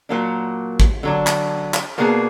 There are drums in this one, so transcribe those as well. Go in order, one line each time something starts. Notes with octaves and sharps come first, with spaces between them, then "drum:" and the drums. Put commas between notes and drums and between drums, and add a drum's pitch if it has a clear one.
A#2 F#3 A#3 D4
drum: kick
D3 F#3 D4
drum: clap
drum: clap
B2 A#3 D4 G#4 B4